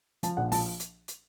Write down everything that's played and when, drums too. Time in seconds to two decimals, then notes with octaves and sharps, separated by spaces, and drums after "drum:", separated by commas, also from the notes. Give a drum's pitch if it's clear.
0.23 F3 A5, drum: hi-hat
0.37 A#1 F#5
0.52 F3 A5, drum: open hi-hat
0.80 drum: hi-hat
1.08 drum: hi-hat